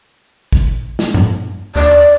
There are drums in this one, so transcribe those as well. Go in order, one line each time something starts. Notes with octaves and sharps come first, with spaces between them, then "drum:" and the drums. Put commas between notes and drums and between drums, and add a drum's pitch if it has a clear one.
drum: kick
drum: snare
G2, drum: tom G#2
D#2 D5